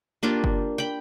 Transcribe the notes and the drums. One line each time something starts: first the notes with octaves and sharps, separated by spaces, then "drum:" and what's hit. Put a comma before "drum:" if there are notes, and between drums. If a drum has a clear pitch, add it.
A#3 D4 F4 G4
drum: kick F#1
G5 B5